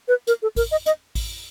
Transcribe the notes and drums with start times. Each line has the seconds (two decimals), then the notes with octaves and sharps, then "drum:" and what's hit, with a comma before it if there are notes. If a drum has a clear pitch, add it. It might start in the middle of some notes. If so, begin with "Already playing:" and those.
0.08 B4
0.27 A#4, drum: hi-hat
0.42 A4
0.56 A#4, drum: kick A1, open hi-hat
0.72 D#5
0.86 D#5, drum: hi-hat
1.15 drum: kick A1, open hi-hat